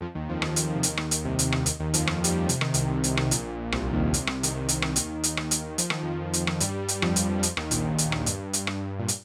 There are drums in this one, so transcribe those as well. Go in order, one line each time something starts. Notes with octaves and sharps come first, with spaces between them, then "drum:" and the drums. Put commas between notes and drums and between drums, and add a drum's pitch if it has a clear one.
F2 F3
D#2 D#3
F2 F3
D#2 D#3, drum: rim click
drum: hi-hat
C3
D#2 D#3, drum: hi-hat
drum: rim click
drum: hi-hat
C2 C3
drum: hi-hat
drum: rim click
D#2 D#3, drum: hi-hat
D#2 D#3
F2 F3, drum: hi-hat
drum: rim click
G3, drum: hi-hat
F2 F3
C3, drum: hi-hat
D#3, drum: rim click
C2 C3, drum: hi-hat
drum: hi-hat
drum: rim click
A#1 A#2, drum: hi-hat
C2 C3, drum: rim click
D#2 D#3
C2 C3, drum: hi-hat
drum: rim click
D#3, drum: hi-hat
C2 C3
drum: hi-hat
drum: rim click
D#2 D#3, drum: hi-hat
drum: hi-hat
drum: rim click
drum: hi-hat
F3, drum: hi-hat
D#3, drum: rim click
F2 F3
drum: hi-hat
drum: rim click
G2 G3, drum: hi-hat
drum: hi-hat
F2 F3, drum: rim click
drum: hi-hat
G3
F2 F3, drum: hi-hat
D#2 D#3, drum: rim click
A#1 A#2, drum: hi-hat
drum: hi-hat
drum: rim click
G2, drum: hi-hat
drum: hi-hat
drum: rim click
A#2
drum: hi-hat